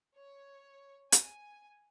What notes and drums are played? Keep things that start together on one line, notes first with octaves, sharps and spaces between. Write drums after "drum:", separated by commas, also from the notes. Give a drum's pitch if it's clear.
C#5
G#5, drum: hi-hat